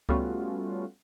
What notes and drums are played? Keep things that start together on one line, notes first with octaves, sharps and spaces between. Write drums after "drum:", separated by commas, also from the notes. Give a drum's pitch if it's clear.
G3 A3 B3 C#4 F4 F#4, drum: kick C#2